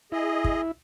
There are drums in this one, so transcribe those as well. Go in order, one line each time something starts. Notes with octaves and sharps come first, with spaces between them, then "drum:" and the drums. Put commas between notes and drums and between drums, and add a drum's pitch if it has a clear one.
E4 G#4 D#5
drum: kick